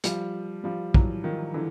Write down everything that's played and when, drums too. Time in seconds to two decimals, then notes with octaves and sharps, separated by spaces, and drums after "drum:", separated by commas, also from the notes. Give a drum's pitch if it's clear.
0.04 F3 G3, drum: hi-hat
0.64 F3 G3
0.94 E3 F#3, drum: kick
1.24 D#3 F3
1.54 D3 E3